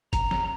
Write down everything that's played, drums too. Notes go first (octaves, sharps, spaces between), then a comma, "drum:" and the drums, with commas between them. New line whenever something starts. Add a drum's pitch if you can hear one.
A#5, drum: kick, hi-hat
drum: snare